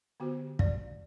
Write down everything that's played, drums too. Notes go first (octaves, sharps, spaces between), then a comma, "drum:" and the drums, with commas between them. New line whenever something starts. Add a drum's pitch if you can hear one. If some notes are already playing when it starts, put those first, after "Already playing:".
D3 B3 F#4 G4 C5
G#3 D5, drum: kick